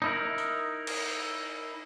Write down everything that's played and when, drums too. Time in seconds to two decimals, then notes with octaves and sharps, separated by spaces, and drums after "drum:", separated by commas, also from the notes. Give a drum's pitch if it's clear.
0.02 D#4 E4 A#4
0.38 drum: tambourine
0.87 drum: cymbal